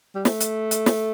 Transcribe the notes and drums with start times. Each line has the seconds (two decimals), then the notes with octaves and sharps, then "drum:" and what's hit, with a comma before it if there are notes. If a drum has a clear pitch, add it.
0.15 G3
0.25 A3, drum: snare
0.40 drum: hi-hat
0.71 drum: hi-hat
0.86 drum: snare